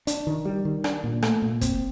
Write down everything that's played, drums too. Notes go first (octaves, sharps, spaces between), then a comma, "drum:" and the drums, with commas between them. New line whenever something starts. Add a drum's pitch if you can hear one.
D4, drum: hi-hat
D#3
G3
D#3
D4, drum: rim click
A#2
A3, drum: rim click
A#2
C4, drum: kick, hi-hat